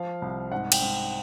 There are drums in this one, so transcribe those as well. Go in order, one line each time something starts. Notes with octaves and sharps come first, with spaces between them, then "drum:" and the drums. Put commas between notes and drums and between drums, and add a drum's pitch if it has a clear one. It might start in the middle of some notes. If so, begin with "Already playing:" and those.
Already playing: F3 F5
C2
G#2 F#5
G5, drum: cymbal
G#2